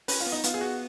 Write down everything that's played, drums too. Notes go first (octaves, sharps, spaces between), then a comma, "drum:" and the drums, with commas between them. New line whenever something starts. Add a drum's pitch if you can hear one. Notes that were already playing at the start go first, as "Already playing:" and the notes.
C#4 B4, drum: open hi-hat
F4
B3
D#4
B3 F4, drum: hi-hat
G#4
F#4